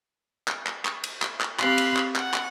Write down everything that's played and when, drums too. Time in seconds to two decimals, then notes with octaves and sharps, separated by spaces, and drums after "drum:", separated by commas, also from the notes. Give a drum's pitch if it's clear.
0.48 drum: clap
0.67 drum: clap
0.85 drum: clap
1.04 drum: cymbal
1.22 drum: clap
1.41 drum: clap
1.59 C4 G4 F5 B5 C6 F#6, drum: clap
1.78 drum: cymbal
1.96 drum: clap
2.16 F#5, drum: clap
2.34 drum: clap